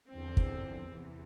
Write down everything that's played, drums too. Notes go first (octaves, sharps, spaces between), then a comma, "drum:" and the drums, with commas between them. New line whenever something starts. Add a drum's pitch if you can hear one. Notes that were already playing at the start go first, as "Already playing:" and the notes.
E2 D3 F3 C4
drum: kick
E2 C3 E3